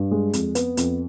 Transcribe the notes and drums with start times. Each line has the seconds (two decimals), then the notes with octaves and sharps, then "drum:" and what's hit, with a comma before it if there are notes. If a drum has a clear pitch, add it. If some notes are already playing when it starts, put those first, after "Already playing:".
Already playing: G2
0.11 G#3
0.33 F2, drum: hi-hat
0.55 B3, drum: hi-hat
0.77 F2, drum: hi-hat